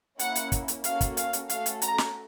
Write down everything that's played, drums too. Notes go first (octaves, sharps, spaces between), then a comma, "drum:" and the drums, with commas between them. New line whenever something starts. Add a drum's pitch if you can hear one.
A#3 C#4 E4 F#5, drum: hi-hat
drum: hi-hat
drum: kick, hi-hat
drum: hi-hat
A#3 C#4 F#4 A4 F5, drum: hi-hat
drum: kick, hi-hat
F5, drum: hi-hat
drum: hi-hat
A3 C#4 F#4 A4 F5, drum: hi-hat
drum: hi-hat
A#5, drum: hi-hat
drum: snare